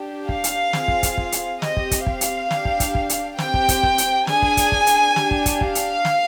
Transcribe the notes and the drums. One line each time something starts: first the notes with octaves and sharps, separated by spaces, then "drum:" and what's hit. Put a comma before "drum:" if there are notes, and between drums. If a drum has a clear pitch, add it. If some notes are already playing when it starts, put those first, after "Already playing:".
Already playing: D4 G4
F5, drum: kick
drum: hi-hat
C4 F4 G#4, drum: snare
drum: kick
drum: kick, hi-hat
drum: kick
drum: hi-hat
C4 G4 D#5, drum: snare
drum: kick
drum: kick, hi-hat
F5, drum: kick
drum: hi-hat
D4 G4, drum: snare
drum: kick
drum: kick, hi-hat
drum: kick
drum: hi-hat
C4 G4 G5, drum: snare
drum: kick
drum: kick, hi-hat
drum: kick
drum: hi-hat
D4 G#4 G#5, drum: snare
drum: kick
drum: kick, hi-hat
drum: kick
drum: hi-hat
D4 G4, drum: snare
drum: kick
drum: kick, hi-hat
F5, drum: kick
drum: hi-hat
drum: snare